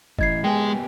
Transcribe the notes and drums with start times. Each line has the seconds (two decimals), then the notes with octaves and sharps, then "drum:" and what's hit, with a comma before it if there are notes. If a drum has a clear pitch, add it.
0.19 A2 E3 D#5 G#6 C7, drum: kick
0.44 G#3 A#3 B3 G4 G5 G#5